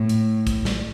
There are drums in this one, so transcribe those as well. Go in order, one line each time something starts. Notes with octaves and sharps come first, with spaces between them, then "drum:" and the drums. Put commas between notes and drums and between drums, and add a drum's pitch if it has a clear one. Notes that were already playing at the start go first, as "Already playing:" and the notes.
Already playing: A2 A3
drum: hi-hat
drum: kick, hi-hat
drum: snare